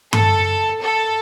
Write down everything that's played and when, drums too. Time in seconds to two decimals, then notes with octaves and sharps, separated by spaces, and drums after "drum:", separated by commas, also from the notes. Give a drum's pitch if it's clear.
0.13 A4, drum: tom G2
0.81 A4